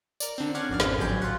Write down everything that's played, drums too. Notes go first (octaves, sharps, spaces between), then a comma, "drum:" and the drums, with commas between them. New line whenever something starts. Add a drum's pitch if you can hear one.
A#4 D5, drum: tambourine
D3 C4
C#4 D5 F5 F#5 G#6
G#1 F2 D5 F6
drum: snare
A1 D2 F#3 G4 G#5 G6
F4 F#5